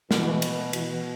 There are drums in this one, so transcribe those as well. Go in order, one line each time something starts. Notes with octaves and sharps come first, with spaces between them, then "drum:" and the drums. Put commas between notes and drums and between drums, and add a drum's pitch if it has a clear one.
B2 E3, drum: snare
drum: cymbal
B2 E3, drum: cymbal